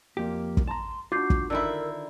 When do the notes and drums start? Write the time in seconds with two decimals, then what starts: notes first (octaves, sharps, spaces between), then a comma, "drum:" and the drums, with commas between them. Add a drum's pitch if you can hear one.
0.17 F2 A#3 G4
0.57 drum: kick
0.67 A5 A#5 C6
1.12 D4 F4 F#4 D6 G6 C7
1.30 drum: kick
1.50 D3 D#3 E4 A#4 E6